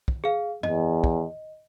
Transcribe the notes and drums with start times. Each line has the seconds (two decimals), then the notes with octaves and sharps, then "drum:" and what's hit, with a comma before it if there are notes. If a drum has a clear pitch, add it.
0.08 drum: kick
0.24 G#4 F5
0.63 E2 D#5, drum: tom F#2
1.04 drum: kick